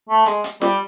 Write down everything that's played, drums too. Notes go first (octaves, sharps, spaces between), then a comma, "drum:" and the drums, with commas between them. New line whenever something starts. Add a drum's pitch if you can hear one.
A3
G#3, drum: hi-hat
drum: hi-hat
G3, drum: snare